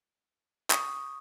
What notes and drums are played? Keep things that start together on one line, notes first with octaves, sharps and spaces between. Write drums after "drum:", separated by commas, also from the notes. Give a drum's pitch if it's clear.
C#6 D#6, drum: clap